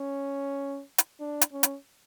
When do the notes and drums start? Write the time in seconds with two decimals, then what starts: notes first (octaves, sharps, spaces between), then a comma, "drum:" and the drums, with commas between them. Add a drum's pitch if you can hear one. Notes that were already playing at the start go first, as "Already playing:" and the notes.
Already playing: C#4
0.98 drum: hi-hat
1.20 D4
1.41 drum: hi-hat
1.52 C#4
1.63 drum: hi-hat